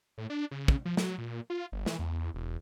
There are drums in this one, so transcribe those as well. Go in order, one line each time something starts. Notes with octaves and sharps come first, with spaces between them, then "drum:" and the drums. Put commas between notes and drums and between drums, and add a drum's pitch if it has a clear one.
A2
D4
C#3
drum: kick
F3
F#3, drum: snare
A#2
F4
G1
E3, drum: snare
E2
E1